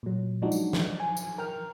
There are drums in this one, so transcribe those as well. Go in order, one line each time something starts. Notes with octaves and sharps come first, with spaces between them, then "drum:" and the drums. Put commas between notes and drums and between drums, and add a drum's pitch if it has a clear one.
A#2 F#3
F3 F#3 G#3 D4 D#4 F#4
drum: tambourine
drum: snare
G#5
drum: tambourine
A#4 G5 F6